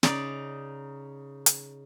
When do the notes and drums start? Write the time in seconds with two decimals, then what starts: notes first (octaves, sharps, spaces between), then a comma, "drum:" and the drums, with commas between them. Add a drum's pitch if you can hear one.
0.03 C#3 D#4 D5, drum: snare
1.46 drum: hi-hat